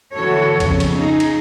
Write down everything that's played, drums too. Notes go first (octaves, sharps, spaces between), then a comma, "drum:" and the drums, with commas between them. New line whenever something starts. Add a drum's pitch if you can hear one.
D3 E3 F#4 A4 C#5
F2 C#3 B3, drum: kick, cymbal
drum: cymbal
D#4 G#4
drum: cymbal